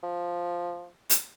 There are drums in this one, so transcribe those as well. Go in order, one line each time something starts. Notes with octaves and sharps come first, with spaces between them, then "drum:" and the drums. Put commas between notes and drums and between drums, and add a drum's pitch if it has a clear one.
F3
drum: hi-hat